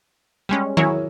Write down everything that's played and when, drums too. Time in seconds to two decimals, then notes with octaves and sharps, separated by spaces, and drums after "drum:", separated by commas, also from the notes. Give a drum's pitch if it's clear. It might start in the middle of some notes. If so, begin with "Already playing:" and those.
0.49 G3 G#3 C#4
0.77 F#3 E4 G#4 A#4 C#5, drum: tom D#3